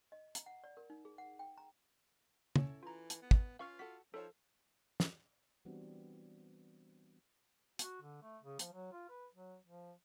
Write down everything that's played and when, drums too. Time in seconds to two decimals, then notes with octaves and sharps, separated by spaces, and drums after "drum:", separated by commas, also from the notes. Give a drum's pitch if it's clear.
0.12 D#5
0.35 A#5, drum: hi-hat
0.46 F#5
0.64 D5
0.77 A#4
0.90 D#4
1.05 G#4
1.18 F#5
1.39 G5
1.58 A#5
2.56 C#4 E4 A4 C#5, drum: tom
2.83 E3 F4 A#5
3.10 drum: hi-hat
3.22 B3
3.31 drum: kick
3.59 C#4 F4 B4 F5 C#6 F6
3.79 F#4 A4 B6
4.14 F3 D#4 A4 C#5 A5
5.00 drum: snare
5.65 E3 G3 B3 C4 D4 F#4
7.79 F#4, drum: hi-hat
8.02 D3
8.23 A3
8.42 C#3
8.59 F3, drum: hi-hat
8.72 F#3
8.93 F4
9.09 B4
9.33 F#3
9.66 F3